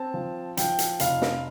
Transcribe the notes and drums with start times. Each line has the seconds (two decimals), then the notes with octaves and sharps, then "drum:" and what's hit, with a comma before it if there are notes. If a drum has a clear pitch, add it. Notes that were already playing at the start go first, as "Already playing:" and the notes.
Already playing: C4 A5
0.14 F3
0.57 F3 G5, drum: hi-hat
0.79 drum: hi-hat
1.00 F1 F5, drum: hi-hat
1.22 drum: snare